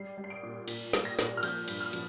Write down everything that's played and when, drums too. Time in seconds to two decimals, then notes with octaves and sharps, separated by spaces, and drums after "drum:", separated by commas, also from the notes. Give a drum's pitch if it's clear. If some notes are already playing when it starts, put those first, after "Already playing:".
Already playing: G3 C7
0.17 G3
0.24 C7
0.30 D7
0.43 A#2
0.68 A#2, drum: cymbal
0.93 G3, drum: snare
1.05 A#6
1.19 A#2, drum: snare
1.37 F6
1.43 F3 G6, drum: cymbal
1.68 G2, drum: cymbal
1.80 F6
1.93 F3, drum: cymbal